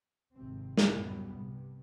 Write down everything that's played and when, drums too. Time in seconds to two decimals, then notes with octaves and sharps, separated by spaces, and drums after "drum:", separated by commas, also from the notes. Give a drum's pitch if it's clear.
0.35 G#1 C3 C4
0.77 drum: snare
0.90 C2 F#2 A2 G3 B3
1.39 G2 C3